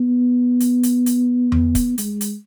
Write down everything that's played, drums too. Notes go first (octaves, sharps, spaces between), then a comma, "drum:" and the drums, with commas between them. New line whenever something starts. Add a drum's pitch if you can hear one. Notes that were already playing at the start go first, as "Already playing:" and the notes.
Already playing: B3
drum: hi-hat
drum: hi-hat
drum: hi-hat
drum: tom E2
drum: kick, hi-hat
G#3, drum: hi-hat
drum: hi-hat